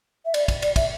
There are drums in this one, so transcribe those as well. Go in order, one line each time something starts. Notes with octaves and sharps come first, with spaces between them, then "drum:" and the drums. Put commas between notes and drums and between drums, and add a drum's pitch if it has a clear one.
E5
D5, drum: cymbal
drum: kick, cymbal
D5, drum: cymbal
E5, drum: kick, cymbal